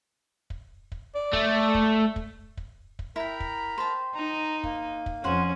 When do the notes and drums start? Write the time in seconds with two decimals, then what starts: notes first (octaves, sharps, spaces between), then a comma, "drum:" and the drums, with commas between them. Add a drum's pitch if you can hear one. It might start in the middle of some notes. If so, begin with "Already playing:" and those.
0.50 drum: kick
0.92 drum: kick
1.15 D5
1.33 A3, drum: kick
1.75 drum: kick
2.16 drum: kick
2.57 drum: kick
2.99 drum: kick
3.16 E4 A#4 G5 A#5 B5
3.40 drum: kick
3.78 C5 G5 A5
4.15 D#4 A#5
4.64 A#3, drum: kick
5.06 drum: kick
5.24 F2 C#4 C5 F#5